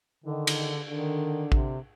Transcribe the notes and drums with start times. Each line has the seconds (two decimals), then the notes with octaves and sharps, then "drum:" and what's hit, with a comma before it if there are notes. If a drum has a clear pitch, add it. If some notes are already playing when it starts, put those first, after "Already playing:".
0.24 D3 D#3
0.47 drum: cymbal
0.88 D3 D#3
1.52 C3, drum: kick A1